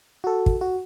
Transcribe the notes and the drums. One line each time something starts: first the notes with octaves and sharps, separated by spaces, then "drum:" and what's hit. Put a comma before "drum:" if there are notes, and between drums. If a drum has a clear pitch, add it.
F#4 A4
drum: kick
F#4